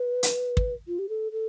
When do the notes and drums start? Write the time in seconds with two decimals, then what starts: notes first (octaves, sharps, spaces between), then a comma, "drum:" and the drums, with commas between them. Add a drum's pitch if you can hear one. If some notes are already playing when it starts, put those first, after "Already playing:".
Already playing: B4
0.23 drum: hi-hat
0.57 drum: kick
0.87 F4
0.99 G4
1.09 A4
1.32 A4